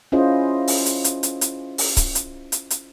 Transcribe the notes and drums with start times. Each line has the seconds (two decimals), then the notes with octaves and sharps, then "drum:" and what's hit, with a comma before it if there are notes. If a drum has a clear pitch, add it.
0.12 C#4 E4 F4 G#4 C5 D#5
0.68 drum: open hi-hat
0.86 drum: hi-hat
1.04 drum: hi-hat
1.23 drum: hi-hat
1.41 drum: hi-hat
1.78 drum: open hi-hat
1.97 drum: kick C#1, hi-hat
2.15 drum: hi-hat
2.52 drum: hi-hat
2.70 drum: hi-hat